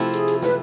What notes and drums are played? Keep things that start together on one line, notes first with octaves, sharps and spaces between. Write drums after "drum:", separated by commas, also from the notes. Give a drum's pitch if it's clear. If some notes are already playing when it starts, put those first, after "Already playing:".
Already playing: C3 F3 A3 C4 E4
G#4, drum: hi-hat
drum: hi-hat
B4, drum: snare